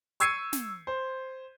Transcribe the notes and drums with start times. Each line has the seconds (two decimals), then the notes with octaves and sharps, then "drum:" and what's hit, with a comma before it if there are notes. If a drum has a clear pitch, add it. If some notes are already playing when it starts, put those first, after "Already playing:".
0.20 C#6 E6 G#6 C7 C#7 D#7, drum: hi-hat
0.53 drum: snare
0.87 C5